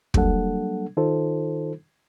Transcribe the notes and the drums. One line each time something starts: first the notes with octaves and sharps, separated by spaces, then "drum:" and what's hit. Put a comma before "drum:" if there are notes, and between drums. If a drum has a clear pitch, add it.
F#3 G3 A#3 D4 A4 F#5, drum: kick
D#3 D#4 F4 A4 C5